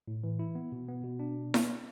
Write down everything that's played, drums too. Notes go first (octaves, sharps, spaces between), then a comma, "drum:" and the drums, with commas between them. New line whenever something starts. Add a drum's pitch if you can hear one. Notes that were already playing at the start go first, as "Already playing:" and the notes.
A2
E3
E4
B3
B2
B3
B2
D4
drum: snare E4